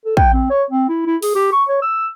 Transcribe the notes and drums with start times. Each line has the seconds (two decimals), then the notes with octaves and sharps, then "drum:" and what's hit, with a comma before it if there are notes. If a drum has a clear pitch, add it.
0.05 A4
0.17 G5, drum: kick
0.33 C4
0.50 C#5
0.71 C4
0.89 E4
1.06 E4
1.22 G#4, drum: open hi-hat
1.35 G4
1.52 C#6
1.69 C#5
1.82 E6